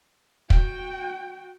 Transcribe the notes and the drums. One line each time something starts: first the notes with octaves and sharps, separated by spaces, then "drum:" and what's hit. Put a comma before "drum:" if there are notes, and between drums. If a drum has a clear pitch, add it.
F#4 G5, drum: kick